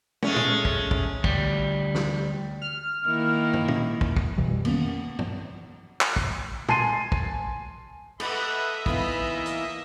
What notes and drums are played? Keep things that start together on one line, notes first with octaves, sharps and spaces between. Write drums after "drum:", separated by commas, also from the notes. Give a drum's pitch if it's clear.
G#3 A3 C#4, drum: tom
drum: tom
drum: kick
drum: kick
D2 G3, drum: kick
drum: snare
F6
D#3 A#3 E4
drum: tom
drum: tom
drum: kick
drum: kick
F2 B2 E3 G3
D#3 A#3 B3 C#4, drum: cymbal
drum: tom
drum: clap
drum: kick
G#5 A5 C6 C7 D#7, drum: tom
drum: kick
A4 B4 D#5 E5 B5, drum: cymbal
E3 B3 D#4 F4 B5, drum: kick
A#3
drum: hi-hat